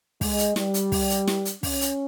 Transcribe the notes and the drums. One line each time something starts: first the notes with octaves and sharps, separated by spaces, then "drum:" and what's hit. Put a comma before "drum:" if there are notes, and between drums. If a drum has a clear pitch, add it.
G#3, drum: kick, open hi-hat
drum: hi-hat
G3, drum: snare
drum: hi-hat
drum: kick, open hi-hat
drum: hi-hat
drum: snare
drum: hi-hat
C#4, drum: kick, open hi-hat
drum: hi-hat